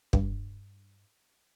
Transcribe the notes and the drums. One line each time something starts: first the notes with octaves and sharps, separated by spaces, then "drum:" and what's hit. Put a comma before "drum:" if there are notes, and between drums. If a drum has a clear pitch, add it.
G2, drum: kick